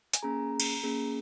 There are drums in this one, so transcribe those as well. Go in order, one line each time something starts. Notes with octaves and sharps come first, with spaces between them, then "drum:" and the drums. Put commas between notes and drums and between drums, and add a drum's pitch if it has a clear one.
G#5, drum: hi-hat
A#3 C#4 G#4 A#5
drum: cymbal
A#3 C#4 G#4